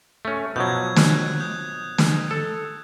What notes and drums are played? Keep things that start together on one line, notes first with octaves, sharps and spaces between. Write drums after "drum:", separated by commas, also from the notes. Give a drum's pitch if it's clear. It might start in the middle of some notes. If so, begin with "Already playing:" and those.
A3 C#4
B2 F3 F#3 G6 G#6
F#6, drum: snare
D#6 G6
drum: snare
A4